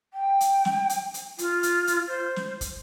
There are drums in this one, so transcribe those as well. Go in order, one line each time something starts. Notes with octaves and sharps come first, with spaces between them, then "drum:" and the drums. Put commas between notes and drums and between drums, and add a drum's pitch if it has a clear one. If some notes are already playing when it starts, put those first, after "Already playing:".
G5
drum: hi-hat
drum: snare
drum: hi-hat
drum: hi-hat
F4, drum: hi-hat
drum: hi-hat
drum: hi-hat
C5
drum: snare
drum: kick, hi-hat